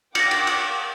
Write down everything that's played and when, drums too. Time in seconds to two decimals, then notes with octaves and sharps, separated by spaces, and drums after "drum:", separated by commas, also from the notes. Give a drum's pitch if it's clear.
0.15 F#5 G5 D6 A#6 C#7, drum: cymbal
0.31 drum: cymbal
0.47 drum: cymbal